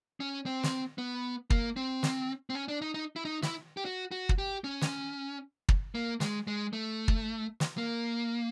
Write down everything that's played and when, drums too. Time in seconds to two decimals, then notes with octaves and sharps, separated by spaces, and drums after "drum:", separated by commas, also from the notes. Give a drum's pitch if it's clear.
0.20 C#4
0.46 C4
0.63 drum: snare
0.98 B3
1.50 A#3, drum: kick
1.77 C4
2.03 drum: snare
2.50 C4
2.55 C#4
2.68 D4
2.82 D#4
2.94 D#4
3.16 E4
3.25 D#4
3.42 E4, drum: snare
3.77 G4
3.85 F#4
4.11 F#4
4.29 drum: kick
4.38 G4
4.64 C#4
4.81 drum: snare
5.69 drum: kick
5.95 A#3
6.20 G#3, drum: snare
6.47 G#3
6.73 A3
7.08 drum: kick
7.60 drum: snare
7.78 A#3